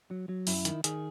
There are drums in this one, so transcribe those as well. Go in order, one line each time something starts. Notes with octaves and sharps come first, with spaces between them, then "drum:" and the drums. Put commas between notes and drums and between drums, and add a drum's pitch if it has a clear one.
F#3
F#3
F#2 E4, drum: open hi-hat
D#3, drum: hi-hat
D#3 G#4, drum: hi-hat